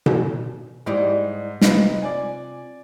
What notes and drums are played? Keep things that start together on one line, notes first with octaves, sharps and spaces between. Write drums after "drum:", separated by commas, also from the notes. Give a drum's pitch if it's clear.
drum: tom B2
G#2 G3 D#4 E4 D5
C3 D#4 F4 B4, drum: snare
D5 G#5